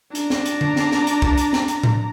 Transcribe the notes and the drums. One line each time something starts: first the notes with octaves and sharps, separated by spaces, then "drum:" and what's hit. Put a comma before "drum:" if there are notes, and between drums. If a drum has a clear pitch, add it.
D4 A#5, drum: hi-hat
drum: snare
drum: hi-hat
drum: tom D3
drum: snare
drum: snare
drum: hi-hat
drum: kick C2
drum: hi-hat
drum: snare
drum: hi-hat
drum: tom A2